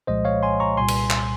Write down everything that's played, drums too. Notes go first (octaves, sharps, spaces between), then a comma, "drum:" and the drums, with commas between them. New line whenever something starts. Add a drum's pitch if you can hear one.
C2 A#2 F3 G#3 C5 D#5
C#5 F5
G#5 C6
A#5 C#6
C2 A#2 G3 G#5 C6
drum: cymbal
drum: clap